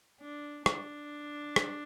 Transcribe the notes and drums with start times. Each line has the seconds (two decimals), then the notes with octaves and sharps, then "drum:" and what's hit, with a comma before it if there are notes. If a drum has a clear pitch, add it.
0.21 D4
0.66 D4, drum: rim click
1.56 drum: rim click